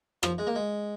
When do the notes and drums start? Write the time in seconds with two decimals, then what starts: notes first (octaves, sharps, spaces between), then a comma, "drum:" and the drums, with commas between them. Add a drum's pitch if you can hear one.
0.23 F3, drum: rim click
0.38 G#3
0.47 A#3
0.55 G#3